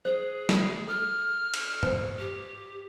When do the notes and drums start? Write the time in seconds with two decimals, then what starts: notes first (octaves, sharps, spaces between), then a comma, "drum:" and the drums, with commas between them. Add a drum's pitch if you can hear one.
0.05 G#4 C5
0.49 drum: snare
0.88 A4 F6
1.54 drum: cymbal
1.83 B4 C5, drum: tom G2
2.18 G4